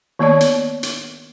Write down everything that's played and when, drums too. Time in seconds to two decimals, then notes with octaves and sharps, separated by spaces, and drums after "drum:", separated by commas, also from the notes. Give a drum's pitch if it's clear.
0.19 D#3 A#3 B3 C#5 D5
0.41 drum: hi-hat
0.83 drum: hi-hat